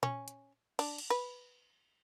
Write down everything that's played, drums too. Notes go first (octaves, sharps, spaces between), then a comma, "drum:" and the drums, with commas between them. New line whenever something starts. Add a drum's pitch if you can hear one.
C#4, drum: tom A#2
drum: hi-hat
D4, drum: cymbal
drum: cymbal
B4